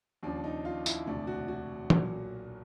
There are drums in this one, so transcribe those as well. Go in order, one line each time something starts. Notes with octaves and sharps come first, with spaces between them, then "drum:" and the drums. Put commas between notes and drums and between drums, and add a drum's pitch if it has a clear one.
D#2 C#3 F3 D4
D#4
F4
E4, drum: tambourine
E1 D2 C3 D4
F#4
F#4
B1 A#2 F#3, drum: tom